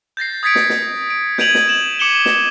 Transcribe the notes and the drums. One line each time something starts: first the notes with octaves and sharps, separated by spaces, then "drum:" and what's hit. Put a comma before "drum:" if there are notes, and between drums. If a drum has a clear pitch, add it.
G6 A6 A#6 C7
D#6 G#6 A6 B6 C#7 D7
drum: snare
drum: snare
D7
G6 G#6 D7 D#7 F7 F#7, drum: snare
drum: snare
E7 F#7
D6 C#7 D#7 E7 F#7 G7
drum: snare